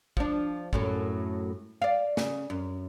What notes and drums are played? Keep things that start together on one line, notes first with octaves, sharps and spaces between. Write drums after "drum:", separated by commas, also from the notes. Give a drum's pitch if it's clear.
F3 D4, drum: kick
F#2 A2 F#3, drum: kick
D5 F5
C#3, drum: snare
F#2